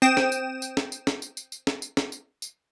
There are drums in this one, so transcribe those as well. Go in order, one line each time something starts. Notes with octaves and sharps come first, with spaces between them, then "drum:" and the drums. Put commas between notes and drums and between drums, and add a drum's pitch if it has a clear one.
C4 G5 D#6 E7, drum: tambourine
drum: snare
drum: tambourine
drum: tambourine
drum: snare
drum: tambourine
drum: snare
drum: tambourine
drum: tambourine
drum: tambourine
drum: snare
drum: tambourine
drum: snare
drum: tambourine
drum: tambourine